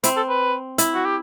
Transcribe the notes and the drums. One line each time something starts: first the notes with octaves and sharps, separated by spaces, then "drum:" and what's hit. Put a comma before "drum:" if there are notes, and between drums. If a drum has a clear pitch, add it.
C4 E4, drum: hi-hat
A4
B4
E4, drum: hi-hat
F#4
G4